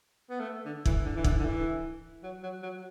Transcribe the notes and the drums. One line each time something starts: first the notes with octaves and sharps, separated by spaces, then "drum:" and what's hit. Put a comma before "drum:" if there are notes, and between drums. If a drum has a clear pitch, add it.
B3
A3
D3
E3, drum: kick
D3
E3
D3, drum: kick
D3
E3
F#3
F#3
F#3